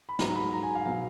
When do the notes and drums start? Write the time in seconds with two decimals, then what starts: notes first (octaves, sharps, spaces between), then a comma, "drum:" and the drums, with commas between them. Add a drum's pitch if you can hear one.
0.09 B5
0.19 G#2 F#3 A#5, drum: snare
0.36 B5
0.53 A#5
0.63 G#5
0.75 F5
0.86 B2 F#3 F5